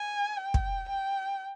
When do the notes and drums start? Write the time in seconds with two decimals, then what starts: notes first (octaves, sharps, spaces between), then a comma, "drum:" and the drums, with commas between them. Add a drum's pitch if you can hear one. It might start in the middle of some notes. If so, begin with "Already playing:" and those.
Already playing: G#5
0.37 G5
0.54 drum: kick
0.89 G5